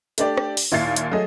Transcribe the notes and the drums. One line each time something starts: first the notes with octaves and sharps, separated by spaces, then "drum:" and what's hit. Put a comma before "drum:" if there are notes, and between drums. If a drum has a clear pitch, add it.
A3 D4 G4 D5, drum: hi-hat
drum: rim click
drum: open hi-hat
D#2 A#2 E4 F5 A6 C7
drum: hi-hat
F#3 A3 G#4 D#5